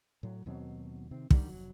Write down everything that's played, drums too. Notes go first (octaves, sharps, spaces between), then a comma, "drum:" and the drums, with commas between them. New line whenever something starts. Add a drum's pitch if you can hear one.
A2 F#3
D#2 B2 F#3 C4
C3 D#3 C4
D3 D#3 G3, drum: kick
F1 F#3